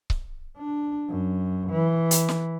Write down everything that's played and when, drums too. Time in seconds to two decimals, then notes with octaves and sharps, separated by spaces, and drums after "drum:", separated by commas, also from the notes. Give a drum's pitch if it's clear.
0.10 drum: kick C#1
0.57 D4
1.10 F#2
1.71 E3
2.11 drum: hi-hat
2.29 drum: snare